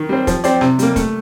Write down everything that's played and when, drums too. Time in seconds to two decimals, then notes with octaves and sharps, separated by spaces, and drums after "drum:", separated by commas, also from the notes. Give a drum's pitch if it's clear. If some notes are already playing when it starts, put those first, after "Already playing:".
Already playing: D#3
0.09 G3 C4
0.27 F3, drum: kick, hi-hat
0.44 C4 G4 D5, drum: hi-hat
0.61 C3, drum: rim click
0.79 G3 A#3, drum: hi-hat
0.96 A3, drum: kick, hi-hat